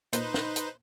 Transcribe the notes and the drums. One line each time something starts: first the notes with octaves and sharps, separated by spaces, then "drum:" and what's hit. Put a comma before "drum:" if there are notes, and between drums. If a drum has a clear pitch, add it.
A#2 D#4 B4 C5, drum: hi-hat
drum: snare
drum: hi-hat